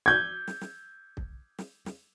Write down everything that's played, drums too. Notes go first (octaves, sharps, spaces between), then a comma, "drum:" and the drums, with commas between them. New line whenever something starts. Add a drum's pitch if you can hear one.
G6 G#6
drum: snare
drum: snare
drum: kick
drum: snare
drum: snare